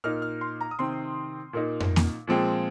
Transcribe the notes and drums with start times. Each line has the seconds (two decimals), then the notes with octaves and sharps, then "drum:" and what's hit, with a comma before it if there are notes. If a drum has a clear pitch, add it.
0.04 A#2 A#3 D#4 F6
0.22 F6
0.41 C6
0.61 A#5
0.71 D#6
0.79 C3 D#3 C4 C6
1.53 A#2 A#3 D#4
1.80 drum: tom F2
1.96 drum: snare A#3
2.27 A#2 F3 G#3 C4